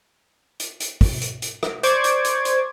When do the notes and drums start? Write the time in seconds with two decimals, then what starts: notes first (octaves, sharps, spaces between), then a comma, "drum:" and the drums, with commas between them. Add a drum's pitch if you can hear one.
0.60 drum: hi-hat
0.80 drum: hi-hat
1.01 drum: kick, open hi-hat
1.21 drum: hi-hat
1.42 drum: hi-hat
1.63 drum: rim click
1.83 C5 D5 C#6 D6 G#6, drum: hi-hat
2.04 drum: hi-hat
2.25 drum: hi-hat
2.45 drum: hi-hat